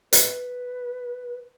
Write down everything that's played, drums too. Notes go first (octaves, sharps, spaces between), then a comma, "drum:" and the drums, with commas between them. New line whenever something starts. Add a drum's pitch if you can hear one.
B4, drum: hi-hat